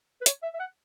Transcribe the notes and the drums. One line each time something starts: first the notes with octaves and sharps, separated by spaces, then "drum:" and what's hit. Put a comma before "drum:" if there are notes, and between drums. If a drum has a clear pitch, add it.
B4
C#5, drum: hi-hat
E5
E5
F#5